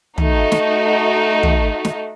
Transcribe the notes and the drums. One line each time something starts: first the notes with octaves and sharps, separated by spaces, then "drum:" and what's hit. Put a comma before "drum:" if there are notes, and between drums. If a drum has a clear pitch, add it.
A3 D#4 F#4, drum: tom
drum: snare
drum: tom
drum: snare